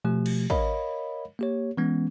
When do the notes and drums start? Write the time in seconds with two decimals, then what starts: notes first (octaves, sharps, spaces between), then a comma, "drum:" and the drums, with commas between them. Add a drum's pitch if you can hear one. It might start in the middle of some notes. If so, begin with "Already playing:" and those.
0.04 B2 F3 A3 G4
0.26 drum: cymbal
0.50 A#4 C#5 D#5 F5 B5, drum: kick
1.39 A#3 G4 C#5
1.77 E3 G#3 B3 C#4